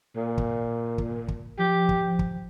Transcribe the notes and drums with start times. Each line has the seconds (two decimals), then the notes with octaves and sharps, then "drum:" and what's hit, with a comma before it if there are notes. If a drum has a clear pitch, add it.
0.16 A#2
0.38 drum: kick
0.98 drum: kick
1.28 drum: kick
1.59 F3 G4
1.89 drum: kick
2.19 drum: kick